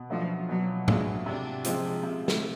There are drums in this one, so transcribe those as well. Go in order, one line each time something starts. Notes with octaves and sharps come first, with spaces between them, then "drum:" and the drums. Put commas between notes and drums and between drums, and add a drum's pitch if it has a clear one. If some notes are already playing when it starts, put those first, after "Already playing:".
Already playing: B2
F3 F#3 A3 D4 F4
B2 F#3
F#3 G#3 A3 D4 F4, drum: tom G#2
C3 D4
F3 G#3 C4 F4, drum: hi-hat
C3
drum: snare